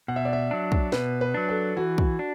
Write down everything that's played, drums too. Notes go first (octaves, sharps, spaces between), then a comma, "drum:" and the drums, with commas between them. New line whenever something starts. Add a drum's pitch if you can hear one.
B2 F#5
E5
D5
E5
F#3 D4
drum: kick
B2 B4, drum: snare
B4
F#3 D4
A4
E3 F#4
drum: kick
D4